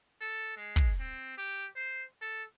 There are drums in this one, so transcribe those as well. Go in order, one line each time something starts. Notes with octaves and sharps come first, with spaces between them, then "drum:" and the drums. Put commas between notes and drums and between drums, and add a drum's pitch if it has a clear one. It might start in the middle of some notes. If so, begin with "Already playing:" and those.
A4
G#3
drum: kick
C4
G4
C5
A4